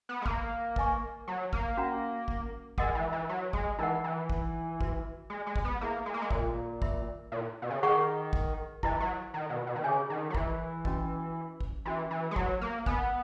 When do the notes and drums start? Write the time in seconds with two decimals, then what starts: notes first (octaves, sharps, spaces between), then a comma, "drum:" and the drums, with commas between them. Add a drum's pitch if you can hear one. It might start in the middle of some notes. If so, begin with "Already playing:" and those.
0.09 B3
0.22 G#3
0.26 A#3, drum: kick
0.76 B4 D#5 G#5 C#6, drum: kick
1.27 F#3
1.53 A#3, drum: kick
1.77 C#4 F#4 C#5 F#5 A#5
2.28 drum: kick
2.78 G#3 A#4 D#5 F#5, drum: kick
2.95 E3
3.12 E3
3.29 F#3
3.53 G#3, drum: kick
3.79 E3 D#4 A#4 D#5 F#5
4.04 E3
4.30 drum: kick
4.81 F#4 B4 E5, drum: kick
5.30 G#3
5.47 G#3
5.56 drum: kick
5.65 B3
5.81 A#3 E4 G#4 C#5 E5 B5
6.06 G#3
6.14 A#3
6.22 G#3
6.31 A#2, drum: kick
6.82 A#4 E5 B5, drum: kick
7.32 A#2
7.62 B2
7.70 C#3
7.83 D#3 G#4 B4 F#5 C#6
8.33 drum: kick
8.83 E3 E4 B4 D#5, drum: kick
9.00 F#3
9.34 D#3
9.50 B2
9.67 B2
9.76 D#3
9.84 C#3 G#4 C#5 G#5
10.10 D#3
10.30 F#3
10.35 E3, drum: kick
10.85 C#4 F#4 B4 D#5, drum: kick
11.60 drum: kick
11.85 E3 C#4 F#4 B4
12.11 E3
12.31 G#3
12.36 F#3, drum: kick
12.61 A#3
12.86 B3 A#4 D#5 G#5, drum: kick